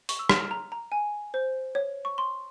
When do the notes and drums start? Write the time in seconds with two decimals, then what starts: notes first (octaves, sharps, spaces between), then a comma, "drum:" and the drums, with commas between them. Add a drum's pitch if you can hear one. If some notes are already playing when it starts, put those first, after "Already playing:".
0.09 C#6, drum: open hi-hat
0.19 E6
0.29 F6, drum: rim click
0.40 F6
0.51 A#5
0.72 A#5
0.92 G#5
1.34 C5
1.75 C#5
2.05 C#6
2.18 C6